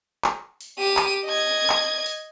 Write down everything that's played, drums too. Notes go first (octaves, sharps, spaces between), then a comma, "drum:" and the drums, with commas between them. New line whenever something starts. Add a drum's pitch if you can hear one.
drum: clap
drum: open hi-hat
G4 D#7
drum: clap
D#5 G#6
drum: clap
drum: open hi-hat